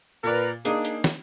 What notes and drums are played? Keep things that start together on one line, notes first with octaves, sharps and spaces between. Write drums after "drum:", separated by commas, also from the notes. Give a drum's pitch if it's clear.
A#2 A#4 B4 D5
A#3 D4 D#4 G#4, drum: hi-hat
drum: hi-hat
drum: snare